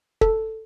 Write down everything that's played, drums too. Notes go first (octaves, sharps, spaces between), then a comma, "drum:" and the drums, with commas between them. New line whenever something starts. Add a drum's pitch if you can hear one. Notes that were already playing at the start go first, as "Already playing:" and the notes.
A4, drum: kick